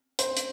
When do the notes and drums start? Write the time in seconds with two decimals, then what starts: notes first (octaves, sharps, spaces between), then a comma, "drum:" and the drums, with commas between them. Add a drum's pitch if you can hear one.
0.19 C5, drum: hi-hat
0.37 drum: hi-hat